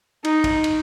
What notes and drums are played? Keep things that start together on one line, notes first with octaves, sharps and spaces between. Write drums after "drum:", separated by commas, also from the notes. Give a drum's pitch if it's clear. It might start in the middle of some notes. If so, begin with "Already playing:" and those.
D#4, drum: cymbal
drum: kick, cymbal
drum: cymbal